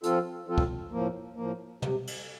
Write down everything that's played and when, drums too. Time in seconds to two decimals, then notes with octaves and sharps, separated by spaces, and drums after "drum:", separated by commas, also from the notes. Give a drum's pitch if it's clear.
0.03 F3 C4 F4 A4, drum: hi-hat
0.47 F3 C4 F4 A4
0.58 drum: kick
0.91 A2 F3 A#3
1.36 A2 F3 A#3
1.82 C3, drum: tom
2.07 drum: cymbal